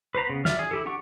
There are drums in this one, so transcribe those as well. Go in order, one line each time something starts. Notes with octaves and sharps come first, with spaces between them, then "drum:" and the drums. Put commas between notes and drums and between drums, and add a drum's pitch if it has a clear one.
B4 C5 A#5 B5
C#3 B3
D5 E5 F6, drum: snare
G#4
E4 G4 A4
D4 G4 F#5 C#6